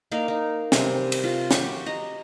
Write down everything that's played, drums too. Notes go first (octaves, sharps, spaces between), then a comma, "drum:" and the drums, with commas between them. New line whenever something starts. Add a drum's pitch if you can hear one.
A#3 D#4 D5 F5
D#4
C3 G3 G#5 C6, drum: snare
drum: cymbal
F4
F#4 G4 C#6, drum: snare
D#5 A#5